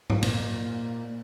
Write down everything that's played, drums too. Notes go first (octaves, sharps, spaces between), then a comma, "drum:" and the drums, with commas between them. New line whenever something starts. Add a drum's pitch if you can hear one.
drum: tom G#2
A#2 A#3, drum: cymbal